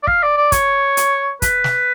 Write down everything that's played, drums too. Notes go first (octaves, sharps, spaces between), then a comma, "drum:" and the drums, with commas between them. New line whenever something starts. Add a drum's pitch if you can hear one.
D5
F5, drum: kick
D5
D5
C#5, drum: kick, hi-hat
drum: hi-hat
B4, drum: kick, hi-hat
drum: snare